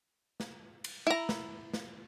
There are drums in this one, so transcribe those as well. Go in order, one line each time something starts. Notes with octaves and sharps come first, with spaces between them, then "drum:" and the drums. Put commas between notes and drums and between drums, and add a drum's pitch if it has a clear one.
drum: snare
drum: cymbal
E4 A#5
drum: snare
drum: snare